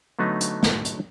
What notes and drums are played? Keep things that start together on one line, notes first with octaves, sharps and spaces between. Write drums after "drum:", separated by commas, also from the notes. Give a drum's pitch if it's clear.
D3 F#3 A3 B3 D#4
drum: hi-hat
drum: snare
drum: hi-hat